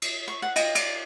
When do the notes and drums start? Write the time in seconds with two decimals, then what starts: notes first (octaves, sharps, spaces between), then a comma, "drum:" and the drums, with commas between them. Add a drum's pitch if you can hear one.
0.02 drum: cymbal
0.28 C#6
0.42 F#5
0.56 D#5, drum: cymbal
0.75 D5, drum: cymbal